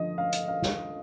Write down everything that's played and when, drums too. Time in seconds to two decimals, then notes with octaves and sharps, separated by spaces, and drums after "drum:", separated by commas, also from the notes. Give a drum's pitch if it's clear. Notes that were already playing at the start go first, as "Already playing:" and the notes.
Already playing: D3 F3 D#5
0.18 F5
0.33 drum: hi-hat
0.48 F5
0.62 drum: snare